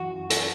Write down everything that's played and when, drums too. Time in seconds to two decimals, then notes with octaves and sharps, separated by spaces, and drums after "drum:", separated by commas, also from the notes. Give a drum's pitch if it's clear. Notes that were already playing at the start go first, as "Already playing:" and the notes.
Already playing: F#2 E3 F#4
0.30 A4, drum: hi-hat